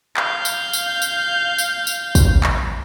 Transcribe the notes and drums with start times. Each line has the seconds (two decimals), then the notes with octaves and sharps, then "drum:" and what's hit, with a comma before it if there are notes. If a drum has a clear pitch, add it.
0.17 F5 G6, drum: clap
0.45 drum: tambourine
0.73 drum: tambourine
1.02 drum: tambourine
1.58 drum: tambourine
1.87 drum: tambourine
2.15 drum: kick, tambourine
2.43 drum: clap